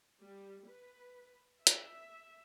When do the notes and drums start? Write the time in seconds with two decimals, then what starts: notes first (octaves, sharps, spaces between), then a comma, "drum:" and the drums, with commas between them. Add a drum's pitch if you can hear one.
0.23 G3
0.68 B4
1.67 E5, drum: hi-hat